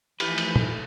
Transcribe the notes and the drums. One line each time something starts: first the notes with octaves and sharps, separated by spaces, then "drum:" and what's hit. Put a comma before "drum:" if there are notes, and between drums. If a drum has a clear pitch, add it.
E3 F3 A3 D#4 E4 G4 B4, drum: cymbal
drum: cymbal
drum: tom